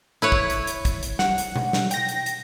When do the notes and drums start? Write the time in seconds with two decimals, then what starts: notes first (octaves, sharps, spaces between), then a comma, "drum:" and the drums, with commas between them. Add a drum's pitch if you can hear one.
0.22 E4 B4 C#5
0.32 drum: kick
0.50 drum: hi-hat
0.67 drum: hi-hat
0.85 drum: kick, hi-hat
1.03 drum: hi-hat
1.19 F#5, drum: snare
1.38 drum: hi-hat
1.56 drum: tom B2
1.73 drum: snare
1.91 G5 A#6, drum: hi-hat
2.09 drum: hi-hat
2.26 drum: hi-hat